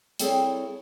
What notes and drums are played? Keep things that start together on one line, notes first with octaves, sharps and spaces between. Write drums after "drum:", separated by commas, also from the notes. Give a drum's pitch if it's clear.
G3 C4 E4 G#4 A4 C#5, drum: hi-hat